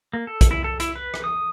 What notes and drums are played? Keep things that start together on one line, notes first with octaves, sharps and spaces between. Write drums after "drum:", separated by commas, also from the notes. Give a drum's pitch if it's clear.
A#3
A4
drum: kick, hi-hat
E4
A4
E4, drum: hi-hat
B4
drum: rim click
D#6